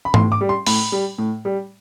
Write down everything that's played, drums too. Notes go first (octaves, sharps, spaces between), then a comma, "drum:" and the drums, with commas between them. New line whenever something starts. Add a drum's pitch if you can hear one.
B5
A2 C6, drum: tom G#2
D6
G3
C6
A2 B5, drum: open hi-hat
G3
A2
G3